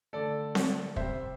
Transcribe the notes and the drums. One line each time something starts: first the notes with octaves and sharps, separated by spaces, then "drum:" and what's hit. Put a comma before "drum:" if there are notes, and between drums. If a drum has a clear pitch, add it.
D3 A3 A4 D5
drum: snare C4
C3 G3 C5 E5, drum: kick